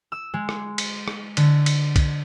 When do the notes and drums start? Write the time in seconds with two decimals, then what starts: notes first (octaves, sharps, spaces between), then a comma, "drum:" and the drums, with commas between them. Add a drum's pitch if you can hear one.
0.12 E6
0.34 G#3
0.49 drum: rim click
0.78 drum: cymbal
1.08 drum: rim click
1.37 D3, drum: cymbal
1.66 drum: cymbal
1.96 drum: kick B1, cymbal